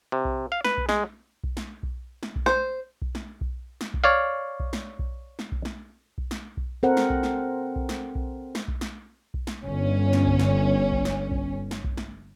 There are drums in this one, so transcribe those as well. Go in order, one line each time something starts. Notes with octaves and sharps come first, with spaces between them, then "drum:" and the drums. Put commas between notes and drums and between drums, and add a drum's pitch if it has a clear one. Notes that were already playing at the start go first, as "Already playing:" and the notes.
C3
drum: kick B1
F5
B4, drum: snare
drum: kick B1
G#3, drum: snare
drum: kick B1
drum: snare
drum: kick B1
drum: snare
drum: kick B1
C5, drum: snare
drum: kick B1
drum: snare
drum: kick B1
drum: snare
drum: kick B1
C#5 D5 F5
drum: kick B1
drum: snare
drum: kick B1
drum: snare
drum: kick B1
drum: snare
drum: kick B1
drum: snare
drum: kick B1
C4 A4 A#4 C5 F#5
drum: snare
drum: kick B1
drum: snare
drum: kick B1
drum: snare
drum: kick B1
drum: snare
drum: kick B1
drum: snare
drum: kick B1
drum: snare
G1 C#4
drum: snare
drum: kick B1
drum: snare
drum: kick B1
drum: snare
drum: kick B1
drum: snare
drum: kick B1
drum: snare